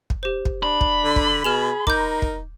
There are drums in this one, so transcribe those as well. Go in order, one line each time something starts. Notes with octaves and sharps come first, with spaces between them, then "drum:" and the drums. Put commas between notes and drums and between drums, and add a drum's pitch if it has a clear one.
drum: kick
G4 C5
drum: kick
D4 B5
drum: kick
D3
drum: kick
B2 G#4 F6 E7 F7
D#4 A#4 D6 G6, drum: kick
drum: kick